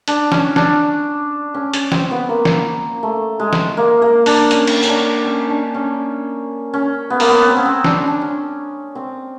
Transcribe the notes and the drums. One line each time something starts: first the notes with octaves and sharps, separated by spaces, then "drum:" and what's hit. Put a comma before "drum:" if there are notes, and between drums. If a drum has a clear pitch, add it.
D4, drum: hi-hat
C#4, drum: snare
D4, drum: snare
C#4
C#4, drum: hi-hat
C4, drum: snare
B3
A#3
drum: snare
A3
G#3
drum: snare
A#3
A#3
D4, drum: open hi-hat
C#4, drum: hi-hat
drum: cymbal
C#4, drum: tambourine
D4
C#4
D4
C#4
C#4
B3
A#3, drum: open hi-hat
B3
C4
C#4
C4
D4, drum: snare
C#4
D4
C#4
C4